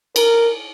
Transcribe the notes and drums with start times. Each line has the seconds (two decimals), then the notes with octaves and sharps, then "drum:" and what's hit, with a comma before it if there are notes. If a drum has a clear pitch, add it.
0.16 A#4, drum: cymbal